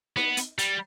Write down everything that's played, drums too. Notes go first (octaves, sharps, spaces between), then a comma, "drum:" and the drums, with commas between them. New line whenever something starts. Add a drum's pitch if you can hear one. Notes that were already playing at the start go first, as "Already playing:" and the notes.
B3, drum: snare D#4
drum: hi-hat
G3, drum: hi-hat